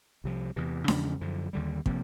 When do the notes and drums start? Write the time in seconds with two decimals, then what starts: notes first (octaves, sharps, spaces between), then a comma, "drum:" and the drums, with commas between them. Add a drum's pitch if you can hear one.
0.24 C2 C3 F3
0.56 E2 C3 E3
0.88 E2 C#3 F3 G#3, drum: snare D4
1.21 F#2 D3 F3
1.53 D#2 D3 G3
1.86 C3 F3 A#3, drum: kick